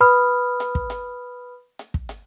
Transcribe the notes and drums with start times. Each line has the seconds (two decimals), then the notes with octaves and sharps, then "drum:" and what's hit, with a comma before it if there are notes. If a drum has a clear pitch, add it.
0.01 B4 B5 D#6 F6
0.60 drum: hi-hat
0.75 drum: kick
0.90 drum: hi-hat
1.79 drum: hi-hat
1.94 drum: kick
2.09 drum: hi-hat